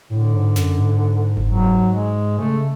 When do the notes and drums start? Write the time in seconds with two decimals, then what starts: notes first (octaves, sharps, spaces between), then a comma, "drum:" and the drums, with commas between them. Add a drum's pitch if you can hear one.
0.10 A2 D3
0.32 G#2
0.56 F#2, drum: snare
0.78 G#2
1.37 drum: kick F#1
1.47 G#2 F#3
1.93 G#3
2.39 C#3 A3